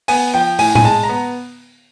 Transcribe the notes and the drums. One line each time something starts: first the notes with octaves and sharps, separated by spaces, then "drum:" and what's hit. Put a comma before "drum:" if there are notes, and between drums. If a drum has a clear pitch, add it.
B3 G#5, drum: open hi-hat
F3 G5
A2 G#5, drum: open hi-hat
G#5, drum: tom A2
G#3 A5
A#5
B3